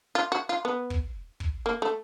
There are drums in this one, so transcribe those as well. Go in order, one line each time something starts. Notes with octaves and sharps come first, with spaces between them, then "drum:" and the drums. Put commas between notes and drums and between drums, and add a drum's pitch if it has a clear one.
F4
F#4
F4
B3
drum: kick
drum: kick
A#3
A3